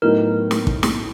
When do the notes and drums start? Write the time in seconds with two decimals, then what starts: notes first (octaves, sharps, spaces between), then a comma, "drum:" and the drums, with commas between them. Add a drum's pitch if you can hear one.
0.02 A2 F#3 B3 D#4 A#4
0.51 drum: snare
0.67 drum: kick
0.83 drum: snare